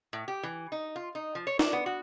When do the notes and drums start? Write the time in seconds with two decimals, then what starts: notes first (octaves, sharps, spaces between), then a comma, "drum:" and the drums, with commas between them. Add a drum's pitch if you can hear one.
0.13 A2
0.28 G4
0.43 E3
0.72 D#4
0.96 F4
1.15 D#4
1.35 F3
1.47 C#5
1.59 D4, drum: snare
1.73 B3
1.86 F#4